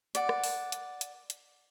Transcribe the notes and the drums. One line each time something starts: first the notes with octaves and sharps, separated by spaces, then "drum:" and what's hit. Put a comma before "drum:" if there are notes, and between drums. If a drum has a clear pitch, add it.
D5 F#5, drum: hi-hat
drum: rim click
drum: open hi-hat
drum: hi-hat
drum: hi-hat
drum: hi-hat